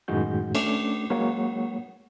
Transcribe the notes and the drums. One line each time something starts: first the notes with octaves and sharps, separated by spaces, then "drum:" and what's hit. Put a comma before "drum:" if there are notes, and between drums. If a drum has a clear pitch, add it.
F#2 A2 D#3 G#3 F#4 G6
A3 C#4 D4 D6, drum: cymbal
F#3 G#3 A#3 C#5 F#5